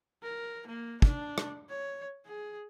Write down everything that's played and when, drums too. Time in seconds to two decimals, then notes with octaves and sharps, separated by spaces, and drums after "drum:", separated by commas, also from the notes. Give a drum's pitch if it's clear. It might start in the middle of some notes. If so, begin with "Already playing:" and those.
0.23 A#4
0.67 A#3
1.02 D4, drum: kick
1.38 drum: rim click
1.69 C#5
2.26 G#4